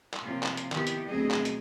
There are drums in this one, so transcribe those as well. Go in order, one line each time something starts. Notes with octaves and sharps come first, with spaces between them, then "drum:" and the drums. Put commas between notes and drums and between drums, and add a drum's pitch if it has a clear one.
drum: clap
C3 F3 A#3 C#4 F4
drum: clap
drum: hi-hat
D#3 B3 E4 G4, drum: clap
drum: hi-hat
D2 B2 F#3 C4 G#4 D#5
drum: clap
drum: hi-hat